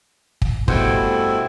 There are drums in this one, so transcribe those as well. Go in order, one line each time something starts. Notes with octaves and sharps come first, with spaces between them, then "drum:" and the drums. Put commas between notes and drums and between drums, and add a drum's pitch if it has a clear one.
drum: kick
G2 B2 A3 E4 C5 F#5 G5, drum: kick